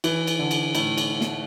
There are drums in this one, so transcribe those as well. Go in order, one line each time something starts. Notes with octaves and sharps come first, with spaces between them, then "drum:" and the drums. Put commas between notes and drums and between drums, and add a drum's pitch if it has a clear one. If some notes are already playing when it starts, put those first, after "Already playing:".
E3, drum: cymbal
drum: cymbal
D3
drum: cymbal
A2, drum: cymbal
drum: cymbal
drum: snare